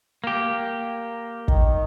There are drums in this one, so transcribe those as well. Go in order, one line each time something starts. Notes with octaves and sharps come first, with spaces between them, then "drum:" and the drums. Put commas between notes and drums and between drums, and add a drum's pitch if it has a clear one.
A#3 G4
D#3, drum: kick